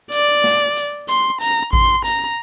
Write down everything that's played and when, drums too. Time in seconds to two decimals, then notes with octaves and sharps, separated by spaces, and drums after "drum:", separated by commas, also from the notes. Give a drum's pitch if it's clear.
0.12 D5, drum: hi-hat
0.44 drum: snare
0.76 drum: hi-hat
1.08 C6, drum: hi-hat
1.41 A#5, drum: hi-hat
1.73 C6, drum: kick G#1
2.05 A#5, drum: hi-hat